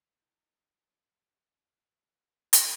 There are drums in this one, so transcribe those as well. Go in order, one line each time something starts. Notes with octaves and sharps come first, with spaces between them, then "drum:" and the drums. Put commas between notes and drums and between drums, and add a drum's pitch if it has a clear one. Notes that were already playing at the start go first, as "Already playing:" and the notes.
D#4 E4 D#5 G6
F5
drum: hi-hat